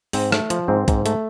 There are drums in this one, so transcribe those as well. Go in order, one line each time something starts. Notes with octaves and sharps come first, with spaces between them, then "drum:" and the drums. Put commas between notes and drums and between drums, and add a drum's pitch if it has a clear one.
G#2 C4, drum: open hi-hat
A3, drum: rim click
F3, drum: hi-hat
G#2 C4
G#2, drum: kick B1, hi-hat
A3, drum: hi-hat